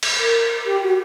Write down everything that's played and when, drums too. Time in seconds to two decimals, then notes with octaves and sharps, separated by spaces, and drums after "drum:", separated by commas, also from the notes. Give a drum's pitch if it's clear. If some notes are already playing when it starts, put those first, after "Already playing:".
0.03 drum: cymbal
0.17 A#4
0.65 G4
0.82 F#4